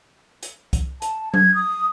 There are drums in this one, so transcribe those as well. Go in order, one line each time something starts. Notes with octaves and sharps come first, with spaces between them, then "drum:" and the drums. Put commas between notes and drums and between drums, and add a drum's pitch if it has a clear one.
drum: hi-hat
drum: kick, hi-hat
A5, drum: hi-hat
G#6, drum: tom F#3
D#6